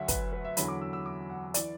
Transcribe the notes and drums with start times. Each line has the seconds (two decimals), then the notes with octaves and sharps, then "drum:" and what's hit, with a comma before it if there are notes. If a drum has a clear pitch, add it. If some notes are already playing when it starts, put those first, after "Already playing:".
Already playing: D2 D3 F#3 E5 F#5
0.08 B4, drum: kick, hi-hat
0.33 B4
0.45 E5
0.57 E2 D3 F#3 B5, drum: hi-hat
0.68 D6
0.81 E6
0.93 E6
1.06 D6
1.30 F#5
1.54 E3 D5, drum: hi-hat